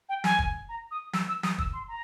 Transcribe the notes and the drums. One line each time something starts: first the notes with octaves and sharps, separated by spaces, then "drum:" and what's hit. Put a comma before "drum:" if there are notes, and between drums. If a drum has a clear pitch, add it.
G5
G#5, drum: snare
drum: kick
A#5
D#6
E6, drum: snare
E6
D#6, drum: snare
E6, drum: kick
C6
A#5